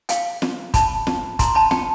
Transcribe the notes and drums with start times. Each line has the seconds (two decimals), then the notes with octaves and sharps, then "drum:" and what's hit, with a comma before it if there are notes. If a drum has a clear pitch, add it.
0.09 F5 G5, drum: hi-hat
0.42 drum: snare
0.74 A5 B5, drum: kick, hi-hat
1.07 drum: snare
1.39 A#5 C6, drum: kick, hi-hat
1.55 A5 B5
1.71 G5 A5, drum: snare